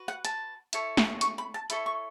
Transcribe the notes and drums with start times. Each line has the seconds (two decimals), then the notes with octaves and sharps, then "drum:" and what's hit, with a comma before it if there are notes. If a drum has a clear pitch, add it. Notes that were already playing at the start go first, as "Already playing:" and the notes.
Already playing: F#4 B4
0.08 F#5
0.25 A5, drum: hi-hat
0.73 E4 A4 C#5, drum: hi-hat
0.97 drum: snare
1.21 C#6, drum: hi-hat
1.38 B5
1.54 A5
1.70 E4 A4 C#5 B5, drum: hi-hat
1.86 C#6